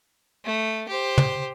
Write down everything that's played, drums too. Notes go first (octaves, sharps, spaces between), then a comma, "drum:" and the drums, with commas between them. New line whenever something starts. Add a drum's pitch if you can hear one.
A3
G4 C5
drum: tom